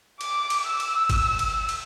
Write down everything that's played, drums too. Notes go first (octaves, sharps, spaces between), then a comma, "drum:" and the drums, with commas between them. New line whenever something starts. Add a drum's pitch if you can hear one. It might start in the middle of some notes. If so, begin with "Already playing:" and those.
D6, drum: cymbal
drum: cymbal
E6
drum: cymbal
drum: kick, cymbal
drum: cymbal
drum: cymbal